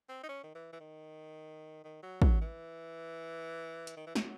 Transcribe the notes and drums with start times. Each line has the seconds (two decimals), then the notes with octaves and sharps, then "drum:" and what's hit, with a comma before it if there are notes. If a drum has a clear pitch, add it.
0.09 C4
0.23 D#4
0.29 C#4
0.43 D#3
0.55 E3
0.73 E3
0.80 D#3
1.84 D#3
2.03 F#3
2.22 F#3, drum: kick
2.41 E3
3.87 drum: hi-hat
3.97 D#3
4.07 E3
4.15 F#3, drum: snare